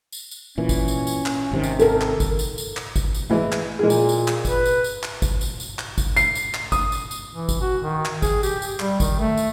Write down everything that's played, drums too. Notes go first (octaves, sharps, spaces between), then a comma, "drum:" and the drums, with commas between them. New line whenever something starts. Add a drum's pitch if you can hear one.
drum: tambourine
drum: tambourine
A#2 E3 C#4
drum: kick, tambourine
drum: tambourine
drum: tambourine
drum: clap
G#1 C3 D#3
drum: tambourine
A4 A#4, drum: tambourine
drum: clap
drum: kick, tambourine
drum: tambourine
drum: tambourine
drum: clap
drum: kick, tambourine
drum: tambourine
A2 E3 G#3
drum: clap
A#2 G#3 A#3 G#4
drum: tambourine
drum: tambourine
drum: clap
B4, drum: kick, tambourine
drum: tambourine
drum: tambourine
drum: clap
drum: kick, tambourine
drum: tambourine
drum: tambourine
drum: clap
drum: kick, tambourine
C7, drum: tambourine
drum: tambourine
drum: clap
D#6, drum: kick, tambourine
drum: tambourine
drum: tambourine
E3
drum: kick, tambourine
F#4
D#3
drum: clap
G#4, drum: kick, tambourine
G4, drum: tambourine
drum: tambourine
G3, drum: clap
D#3, drum: kick, tambourine
A3
drum: tambourine